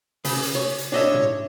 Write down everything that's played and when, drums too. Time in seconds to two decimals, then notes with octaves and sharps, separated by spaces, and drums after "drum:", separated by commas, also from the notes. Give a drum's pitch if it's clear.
0.25 C#3, drum: open hi-hat
0.43 drum: hi-hat
0.55 C#5
0.78 drum: hi-hat
0.92 D4 C#5 D#5 E5
1.14 drum: tom